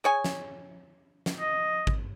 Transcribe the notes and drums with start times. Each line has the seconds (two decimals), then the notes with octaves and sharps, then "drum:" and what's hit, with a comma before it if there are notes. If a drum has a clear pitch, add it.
0.04 G#4 C#5 G#5
0.24 drum: snare
1.26 drum: snare
1.40 D#5
1.87 drum: kick G#1